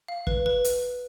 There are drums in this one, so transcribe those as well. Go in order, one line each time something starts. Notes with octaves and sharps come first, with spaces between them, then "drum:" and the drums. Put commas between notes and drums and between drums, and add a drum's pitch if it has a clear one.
F5
B4, drum: kick
B4
drum: hi-hat